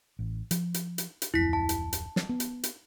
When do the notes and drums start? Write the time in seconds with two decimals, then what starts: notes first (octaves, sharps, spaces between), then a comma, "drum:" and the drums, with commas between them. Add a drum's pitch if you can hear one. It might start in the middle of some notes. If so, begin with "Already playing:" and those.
0.19 A1
0.51 F3, drum: hi-hat
0.74 drum: hi-hat
0.98 drum: hi-hat
1.22 drum: hi-hat
1.34 D1 F2 E4 B6
1.53 A5
1.69 drum: hi-hat
1.93 drum: hi-hat
2.16 drum: snare
2.29 B3
2.40 drum: hi-hat
2.63 drum: hi-hat